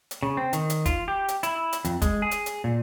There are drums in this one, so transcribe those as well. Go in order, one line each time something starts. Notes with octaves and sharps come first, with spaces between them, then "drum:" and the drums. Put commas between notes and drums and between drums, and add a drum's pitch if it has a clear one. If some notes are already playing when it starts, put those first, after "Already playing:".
drum: hi-hat
C#3
C4
D#3, drum: hi-hat
drum: hi-hat
F4, drum: kick, hi-hat
G4
drum: hi-hat
E4, drum: hi-hat
drum: hi-hat
F2, drum: hi-hat
G#3, drum: kick, hi-hat
G#4
drum: hi-hat
drum: hi-hat
A#2